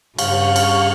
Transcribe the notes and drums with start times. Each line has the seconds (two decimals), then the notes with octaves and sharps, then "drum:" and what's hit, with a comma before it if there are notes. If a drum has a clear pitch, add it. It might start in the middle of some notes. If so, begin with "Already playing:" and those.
0.18 G2 C#3 F5 C#6, drum: cymbal
0.56 drum: cymbal